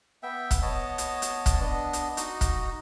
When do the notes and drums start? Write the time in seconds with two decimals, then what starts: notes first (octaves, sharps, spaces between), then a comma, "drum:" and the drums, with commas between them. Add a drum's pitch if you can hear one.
0.23 B3 E5 G5
0.51 drum: kick, hi-hat
0.62 B3 C#5 D#5 A5
0.98 drum: hi-hat
1.22 drum: hi-hat
1.46 drum: kick, hi-hat
1.61 B3 D4 D#5
1.93 drum: hi-hat
2.17 D#4 F#4 D#5, drum: hi-hat
2.41 drum: kick, hi-hat